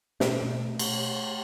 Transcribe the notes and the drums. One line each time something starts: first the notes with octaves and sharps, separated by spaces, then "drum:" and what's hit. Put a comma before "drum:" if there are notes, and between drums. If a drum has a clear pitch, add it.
B2 A3, drum: snare
B2
drum: cymbal